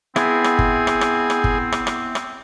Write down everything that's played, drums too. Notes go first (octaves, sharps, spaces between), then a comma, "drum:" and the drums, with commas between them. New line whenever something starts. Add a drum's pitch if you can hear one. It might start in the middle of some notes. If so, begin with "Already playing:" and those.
B3 C4 E4 G#4, drum: rim click
drum: rim click
drum: kick G1
drum: rim click
drum: rim click
drum: rim click
drum: kick G1
drum: rim click
drum: rim click
drum: rim click